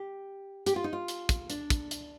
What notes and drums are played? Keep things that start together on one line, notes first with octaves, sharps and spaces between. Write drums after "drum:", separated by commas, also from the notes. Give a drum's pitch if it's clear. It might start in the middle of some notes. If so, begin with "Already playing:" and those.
Already playing: G4
G4, drum: hi-hat
F4
D#4
F4
drum: hi-hat
drum: kick, hi-hat
D4, drum: hi-hat
drum: kick, hi-hat
drum: hi-hat